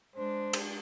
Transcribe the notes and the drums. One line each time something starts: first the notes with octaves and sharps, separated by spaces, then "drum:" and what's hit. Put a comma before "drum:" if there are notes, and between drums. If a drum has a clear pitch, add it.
G#3 D4 C5
drum: cymbal